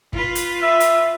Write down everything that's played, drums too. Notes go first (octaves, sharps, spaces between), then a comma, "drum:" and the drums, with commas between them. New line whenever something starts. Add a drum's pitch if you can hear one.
F4 B4, drum: kick
drum: hi-hat
E5
drum: hi-hat